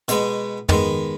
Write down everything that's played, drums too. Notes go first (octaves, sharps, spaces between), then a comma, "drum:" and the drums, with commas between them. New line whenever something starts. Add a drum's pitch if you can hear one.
B2 G#3 B3, drum: hi-hat
D#3 G#3 B3, drum: tom